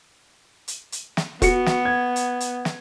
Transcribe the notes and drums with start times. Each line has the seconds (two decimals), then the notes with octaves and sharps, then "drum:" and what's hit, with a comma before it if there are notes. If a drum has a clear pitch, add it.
0.68 drum: hi-hat
0.92 drum: hi-hat
1.17 drum: snare
1.42 B3 F#4 C#7, drum: kick E1, hi-hat
1.66 drum: snare
1.85 G#6
2.16 drum: hi-hat
2.40 drum: hi-hat
2.65 drum: snare